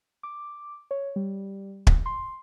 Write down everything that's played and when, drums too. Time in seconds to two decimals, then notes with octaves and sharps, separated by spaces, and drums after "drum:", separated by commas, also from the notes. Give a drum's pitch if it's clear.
0.23 D6
0.91 C#5
1.16 G3
1.87 drum: kick
2.06 C6